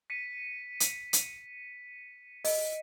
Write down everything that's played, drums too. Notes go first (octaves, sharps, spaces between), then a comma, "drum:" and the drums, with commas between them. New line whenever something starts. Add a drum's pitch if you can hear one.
B6 C#7 D#7
drum: hi-hat
drum: hi-hat
D#5, drum: open hi-hat